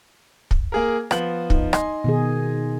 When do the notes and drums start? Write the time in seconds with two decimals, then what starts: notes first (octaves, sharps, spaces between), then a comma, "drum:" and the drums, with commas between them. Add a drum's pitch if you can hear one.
0.51 drum: kick
0.72 A#3 G#4 A#4
1.11 F3 B3 F#7, drum: rim click
1.50 D#4, drum: kick
1.73 D#5 G#5 C6, drum: rim click
2.04 B2 D#3 G#4